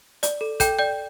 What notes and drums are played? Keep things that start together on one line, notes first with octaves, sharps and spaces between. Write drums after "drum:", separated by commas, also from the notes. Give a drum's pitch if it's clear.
D5, drum: hi-hat
A4
A4 G5 G6, drum: kick, hi-hat
D5 G5 G6